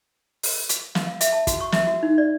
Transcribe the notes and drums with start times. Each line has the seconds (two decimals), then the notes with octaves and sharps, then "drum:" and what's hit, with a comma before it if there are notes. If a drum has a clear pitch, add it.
0.43 drum: open hi-hat
0.69 drum: hi-hat
0.95 F5, drum: snare
1.07 F5
1.21 E5, drum: hi-hat
1.33 A5
1.47 F#4, drum: kick, hi-hat
1.61 C#6
1.72 E5, drum: snare
1.87 F#4
2.03 D#4
2.18 D5